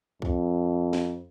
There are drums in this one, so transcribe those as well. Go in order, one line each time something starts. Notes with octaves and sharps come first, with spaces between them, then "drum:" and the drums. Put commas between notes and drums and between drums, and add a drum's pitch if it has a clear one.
F2, drum: kick C2
drum: snare